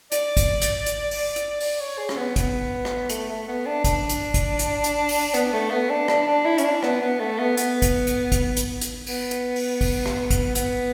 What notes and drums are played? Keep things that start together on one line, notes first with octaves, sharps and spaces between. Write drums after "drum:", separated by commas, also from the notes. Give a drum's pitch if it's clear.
D5, drum: hi-hat
drum: kick, hi-hat
drum: hi-hat
drum: hi-hat
drum: open hi-hat
drum: hi-hat
D5, drum: open hi-hat
C#5
G#4
C#4, drum: rim click
B3
B3, drum: kick, hi-hat
drum: rim click
A3, drum: hi-hat
A3
B3
D4
D4, drum: kick, hi-hat
drum: hi-hat
drum: kick, hi-hat
drum: hi-hat
drum: hi-hat
drum: open hi-hat
B3, drum: hi-hat
A3
B3
D4
D4, drum: rim click
D4
E4
C#4, drum: hi-hat
D4
B3, drum: rim click
B3
A3
B3
B3, drum: hi-hat
drum: kick, hi-hat
drum: hi-hat
drum: kick, hi-hat
drum: hi-hat
drum: hi-hat
B3, drum: open hi-hat
drum: hi-hat
drum: open hi-hat
drum: kick, open hi-hat
drum: rim click
drum: kick, hi-hat
B3, drum: hi-hat